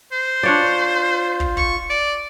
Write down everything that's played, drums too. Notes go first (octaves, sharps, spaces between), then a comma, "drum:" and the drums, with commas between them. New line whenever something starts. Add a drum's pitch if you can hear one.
C5
D4 F4 C#5 D5
drum: kick
C#6, drum: kick
D5